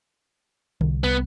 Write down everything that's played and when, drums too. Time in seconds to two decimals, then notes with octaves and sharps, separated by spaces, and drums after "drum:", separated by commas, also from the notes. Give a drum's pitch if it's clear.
0.81 C2, drum: tom D3
1.04 C2 B3